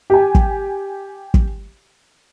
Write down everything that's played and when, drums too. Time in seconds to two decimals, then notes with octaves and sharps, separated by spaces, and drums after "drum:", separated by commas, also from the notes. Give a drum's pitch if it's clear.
0.10 G4 G#5
0.35 drum: kick
1.34 drum: kick